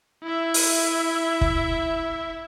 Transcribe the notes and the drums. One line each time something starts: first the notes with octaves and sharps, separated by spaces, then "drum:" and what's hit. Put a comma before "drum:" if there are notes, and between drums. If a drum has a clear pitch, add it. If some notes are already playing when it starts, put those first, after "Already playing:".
E4 E5
drum: open hi-hat
drum: kick